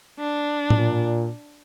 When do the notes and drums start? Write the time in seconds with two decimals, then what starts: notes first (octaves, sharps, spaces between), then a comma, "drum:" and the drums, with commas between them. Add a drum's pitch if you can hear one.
0.19 D4
0.70 A#2, drum: tom A2